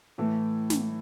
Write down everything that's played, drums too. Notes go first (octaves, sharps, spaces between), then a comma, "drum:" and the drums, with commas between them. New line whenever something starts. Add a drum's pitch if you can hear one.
A2 E3 A3 E4
drum: snare